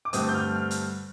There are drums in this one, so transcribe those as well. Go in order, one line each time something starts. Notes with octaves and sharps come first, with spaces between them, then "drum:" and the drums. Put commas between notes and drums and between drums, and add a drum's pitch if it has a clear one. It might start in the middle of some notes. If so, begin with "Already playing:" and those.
D6
G2 D3 A3 C4 D#6, drum: hi-hat
G6
F6
F6
drum: hi-hat